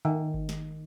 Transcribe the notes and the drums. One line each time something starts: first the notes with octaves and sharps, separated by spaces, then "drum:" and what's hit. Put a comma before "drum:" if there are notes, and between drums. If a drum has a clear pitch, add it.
D#3
drum: kick G1
drum: snare